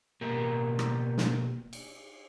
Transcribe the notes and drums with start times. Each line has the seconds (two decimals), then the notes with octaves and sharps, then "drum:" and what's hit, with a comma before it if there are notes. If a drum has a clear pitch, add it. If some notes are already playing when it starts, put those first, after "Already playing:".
0.21 B2 A#3 G4 A#4
0.79 drum: rim click
1.18 drum: snare
1.73 drum: cymbal